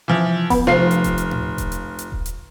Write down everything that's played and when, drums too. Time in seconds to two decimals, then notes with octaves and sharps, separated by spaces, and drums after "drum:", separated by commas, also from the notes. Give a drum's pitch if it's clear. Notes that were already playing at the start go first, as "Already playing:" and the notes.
0.08 E3 F3
0.50 B3, drum: kick D#1, open hi-hat
0.67 F1 F3 F4 C7
0.91 drum: hi-hat
1.04 drum: kick D#1, hi-hat
1.18 drum: hi-hat
1.31 drum: tom A2
1.58 drum: kick D#1, hi-hat
1.72 drum: hi-hat
1.99 drum: hi-hat
2.12 drum: kick D#1
2.26 drum: hi-hat